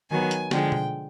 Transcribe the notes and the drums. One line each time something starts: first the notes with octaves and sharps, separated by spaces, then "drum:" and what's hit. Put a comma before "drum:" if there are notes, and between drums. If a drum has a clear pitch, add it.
D#3 F#3 B3 G#5
drum: hi-hat
D3 F3 G#3 G5, drum: snare
drum: tom B2